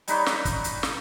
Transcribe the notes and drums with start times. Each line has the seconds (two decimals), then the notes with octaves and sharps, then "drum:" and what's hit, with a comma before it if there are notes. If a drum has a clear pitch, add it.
0.08 G3 D#4 B4 C#5, drum: hi-hat
0.26 drum: snare
0.45 drum: kick, hi-hat
0.64 drum: hi-hat
0.83 drum: snare